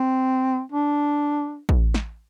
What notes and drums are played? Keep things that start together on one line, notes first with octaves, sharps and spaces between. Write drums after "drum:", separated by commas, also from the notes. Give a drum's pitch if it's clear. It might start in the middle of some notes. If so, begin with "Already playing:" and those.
Already playing: C4
D4
drum: kick A1
drum: snare